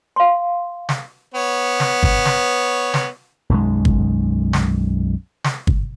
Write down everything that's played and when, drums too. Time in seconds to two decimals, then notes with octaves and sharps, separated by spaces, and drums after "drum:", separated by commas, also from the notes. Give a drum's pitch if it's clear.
0.16 F5 C6
0.89 drum: snare
1.34 B3 C#5
1.80 drum: snare
2.03 drum: kick G1
2.25 drum: snare
2.94 drum: snare
3.50 B1 F#2 D#3 G#3
3.85 drum: kick G1
4.53 drum: snare
5.44 drum: snare
5.67 drum: kick G1